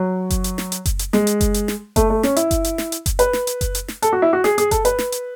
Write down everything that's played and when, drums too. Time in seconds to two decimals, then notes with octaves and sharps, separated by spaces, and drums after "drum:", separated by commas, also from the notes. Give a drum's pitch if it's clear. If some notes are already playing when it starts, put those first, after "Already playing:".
Already playing: F#3
0.30 drum: kick F#1, hi-hat
0.44 drum: hi-hat
0.58 drum: snare
0.72 drum: hi-hat
0.85 drum: kick F#1, hi-hat
0.99 drum: hi-hat
1.13 G#3, drum: snare
1.27 drum: hi-hat
1.41 drum: kick F#1, hi-hat
1.54 drum: hi-hat
1.68 drum: snare
1.96 A3, drum: kick F#1, hi-hat
2.10 A3
2.23 C#4, drum: snare
2.36 E4, drum: hi-hat
2.51 drum: kick F#1, hi-hat
2.64 drum: hi-hat
2.78 drum: snare
2.92 drum: hi-hat
3.06 drum: kick F#1, hi-hat
3.19 B4, drum: hi-hat
3.33 drum: snare
3.47 drum: hi-hat
3.61 drum: kick F#1, hi-hat
3.75 drum: hi-hat
3.88 drum: snare
4.02 A4, drum: hi-hat
4.13 F#4
4.22 E4
4.33 F#4
4.44 G#4, drum: snare
4.58 G#4, drum: hi-hat
4.71 A4, drum: kick F#1, hi-hat
4.85 B4, drum: hi-hat
4.99 drum: snare
5.12 drum: hi-hat